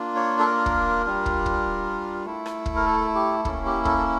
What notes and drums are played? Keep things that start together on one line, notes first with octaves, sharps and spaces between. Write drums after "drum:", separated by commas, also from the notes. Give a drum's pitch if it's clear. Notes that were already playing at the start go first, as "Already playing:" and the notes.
Already playing: A#3 D4 F4
C#5
A4
A#4
drum: kick
G3 D4 F4
drum: kick
drum: kick
A3 E4
drum: rim click
drum: kick
A#4
A4
G4
A#3 C#4 E4 A4, drum: kick
G4
A4, drum: kick
A4